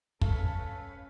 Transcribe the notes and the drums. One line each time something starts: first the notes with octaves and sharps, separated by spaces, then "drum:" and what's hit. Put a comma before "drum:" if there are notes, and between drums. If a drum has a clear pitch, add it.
A3 C#4 A4 B4 F5, drum: kick